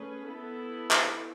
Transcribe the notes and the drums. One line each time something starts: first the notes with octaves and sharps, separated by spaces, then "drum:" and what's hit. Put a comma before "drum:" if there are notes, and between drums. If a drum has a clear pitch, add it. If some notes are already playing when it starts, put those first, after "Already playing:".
Already playing: A3 C#4 G#4 B4
B3 E4 A4
drum: clap